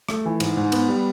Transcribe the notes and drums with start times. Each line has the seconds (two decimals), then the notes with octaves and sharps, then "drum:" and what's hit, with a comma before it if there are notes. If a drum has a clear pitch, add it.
0.09 A3, drum: rim click
0.25 E3
0.40 G#2, drum: cymbal
0.57 G#2
0.72 B3, drum: cymbal
0.88 G3